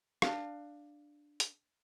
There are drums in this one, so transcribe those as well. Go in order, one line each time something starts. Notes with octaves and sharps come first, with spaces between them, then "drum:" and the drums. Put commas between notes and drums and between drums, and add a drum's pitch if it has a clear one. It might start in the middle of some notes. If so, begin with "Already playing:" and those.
D4 F#4 F5, drum: rim click
drum: hi-hat